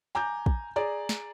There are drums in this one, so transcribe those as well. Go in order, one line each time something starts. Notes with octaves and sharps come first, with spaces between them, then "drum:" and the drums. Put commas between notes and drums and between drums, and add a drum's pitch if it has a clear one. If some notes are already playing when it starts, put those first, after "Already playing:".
G#5 A#5 D6 G6
drum: kick
G#4 D5 A#5
drum: snare